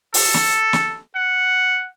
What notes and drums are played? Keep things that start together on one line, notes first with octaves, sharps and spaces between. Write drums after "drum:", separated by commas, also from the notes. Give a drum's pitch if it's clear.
A4, drum: open hi-hat
drum: snare
drum: snare
F#5